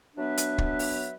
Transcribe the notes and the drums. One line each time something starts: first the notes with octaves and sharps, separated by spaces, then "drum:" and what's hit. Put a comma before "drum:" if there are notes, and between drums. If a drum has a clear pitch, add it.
F#3 B3 D4 B4 E5
drum: hi-hat
drum: kick
drum: open hi-hat